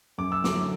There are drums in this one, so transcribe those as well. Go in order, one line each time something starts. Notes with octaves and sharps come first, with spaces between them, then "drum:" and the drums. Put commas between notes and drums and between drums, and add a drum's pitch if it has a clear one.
F#2 D6
E6
D3 F#3 A3 D6, drum: snare